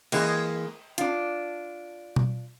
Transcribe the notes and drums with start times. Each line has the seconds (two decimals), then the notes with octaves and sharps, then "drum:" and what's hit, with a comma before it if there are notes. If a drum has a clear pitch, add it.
0.12 E3 G#3 A#3, drum: cymbal
0.98 D4 F4, drum: hi-hat
2.16 drum: tom B2